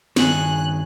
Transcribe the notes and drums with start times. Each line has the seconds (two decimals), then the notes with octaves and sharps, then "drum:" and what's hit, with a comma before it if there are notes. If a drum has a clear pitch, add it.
0.16 G2 D#3 G#4 C#5 G#5 F#6, drum: snare